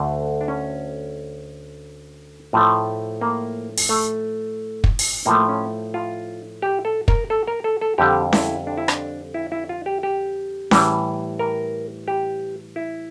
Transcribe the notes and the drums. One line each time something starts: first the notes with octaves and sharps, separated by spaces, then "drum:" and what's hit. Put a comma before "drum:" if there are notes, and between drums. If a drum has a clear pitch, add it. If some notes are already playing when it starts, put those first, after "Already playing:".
Already playing: D2 D3 A3 D4
D4
C#4
A2 F3 A3
A#3
drum: open hi-hat
A3
drum: kick
drum: open hi-hat
A2 F3 A3 A#3
C#4
F4
G4
A4
A#4, drum: kick
A4
A#4
A4
A4
F2 D3 G3 G4
E4, drum: snare C#4
D4
E4
D4, drum: rim click
E4
E4
F4
G4
G4
A2 E3 G3, drum: snare C#4
A#4
G4
E4